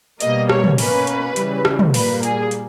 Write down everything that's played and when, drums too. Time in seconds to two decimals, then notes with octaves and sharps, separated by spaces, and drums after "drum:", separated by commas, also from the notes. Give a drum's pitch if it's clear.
0.20 B2 G3 A#3 D#5, drum: hi-hat
0.49 C#5, drum: rim click
0.64 drum: tom
0.78 B2 A#3 C#4 B4, drum: open hi-hat
1.07 drum: hi-hat
1.36 C#3 E3 G3, drum: hi-hat
1.65 drum: rim click
1.79 drum: tom
1.94 A#2 G3 A#3 B4, drum: open hi-hat
2.23 G#4, drum: hi-hat
2.51 drum: hi-hat